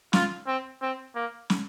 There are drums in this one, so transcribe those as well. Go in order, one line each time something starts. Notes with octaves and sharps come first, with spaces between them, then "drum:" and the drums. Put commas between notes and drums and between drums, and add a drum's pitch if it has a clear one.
F4, drum: snare
C4
C4
A#3
drum: snare